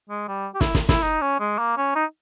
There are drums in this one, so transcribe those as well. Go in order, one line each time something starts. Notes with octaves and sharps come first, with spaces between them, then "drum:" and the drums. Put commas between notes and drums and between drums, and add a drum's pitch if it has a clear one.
G#3
G3
G4
E4, drum: snare
drum: snare
E4, drum: snare
D#4
C#4
G#3
A#3
C#4
D#4